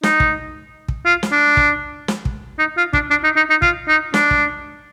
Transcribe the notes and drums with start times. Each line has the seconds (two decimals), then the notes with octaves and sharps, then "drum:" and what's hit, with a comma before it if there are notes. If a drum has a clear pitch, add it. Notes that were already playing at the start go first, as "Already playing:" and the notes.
0.03 D#4, drum: snare
0.20 drum: kick
0.88 drum: kick
1.06 F4
1.23 drum: snare
1.32 D4
1.57 drum: kick
2.08 drum: snare
2.25 drum: kick
2.59 D#4
2.77 F4
2.93 D4, drum: kick
3.10 D4
3.24 D#4
3.36 D#4
3.50 D#4
3.62 F4, drum: kick
3.88 D#4
4.14 D4, drum: snare
4.31 drum: kick